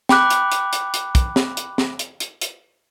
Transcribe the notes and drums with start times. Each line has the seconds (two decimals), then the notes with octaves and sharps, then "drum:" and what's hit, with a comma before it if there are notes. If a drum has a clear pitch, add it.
0.09 G5 B5 D6 F#6, drum: snare
0.30 drum: hi-hat
0.52 drum: hi-hat
0.73 drum: hi-hat
0.94 drum: hi-hat
1.15 drum: kick, hi-hat
1.36 drum: snare
1.57 drum: hi-hat
1.78 drum: snare
1.99 drum: hi-hat
2.20 drum: hi-hat
2.42 drum: hi-hat